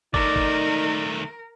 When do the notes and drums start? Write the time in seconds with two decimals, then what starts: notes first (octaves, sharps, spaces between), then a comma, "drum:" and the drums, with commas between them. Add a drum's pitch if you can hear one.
0.14 D#3 A3 D#4 A#4 D5, drum: kick
0.36 drum: kick